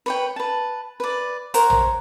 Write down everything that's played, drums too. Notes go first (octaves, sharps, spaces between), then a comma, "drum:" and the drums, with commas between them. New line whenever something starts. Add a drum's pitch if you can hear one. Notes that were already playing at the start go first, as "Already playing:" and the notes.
B4 C#5 G5
B4 A5
B4 D5
A#4 C5 C#5 F#5, drum: hi-hat
drum: tom